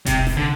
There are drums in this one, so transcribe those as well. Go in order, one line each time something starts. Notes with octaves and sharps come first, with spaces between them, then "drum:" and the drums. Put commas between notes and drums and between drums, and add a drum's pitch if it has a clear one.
C3, drum: kick F1, hi-hat
drum: snare A1
D3